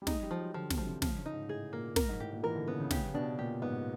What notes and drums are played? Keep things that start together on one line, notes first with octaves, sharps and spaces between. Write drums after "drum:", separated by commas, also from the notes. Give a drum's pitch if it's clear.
G3
G#3 D#4, drum: snare
G3
F3
F#3
D3 F3
C#3, drum: snare
F3
C3
C#3 F3, drum: snare
C#3
D#4
G#2
A2 G#4
A#2 A#3
A#4, drum: snare
G#2
A2 G4
A#2
E3 A#4
D3
C#3 B3
C#3
C#3 G4, drum: snare
B2 D4
A#2 G4
G#2 B3